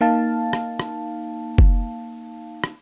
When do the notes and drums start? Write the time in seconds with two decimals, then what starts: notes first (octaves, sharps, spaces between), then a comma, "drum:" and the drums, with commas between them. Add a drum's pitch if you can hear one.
0.01 A#3 D#4 F5 A5
0.53 drum: rim click
0.80 drum: rim click
1.58 drum: kick F#1
2.64 drum: rim click